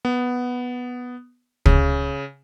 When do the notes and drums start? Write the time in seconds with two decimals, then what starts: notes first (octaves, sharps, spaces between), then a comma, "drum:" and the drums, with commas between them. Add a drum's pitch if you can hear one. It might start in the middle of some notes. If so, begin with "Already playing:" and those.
0.05 B3
1.66 C#3, drum: kick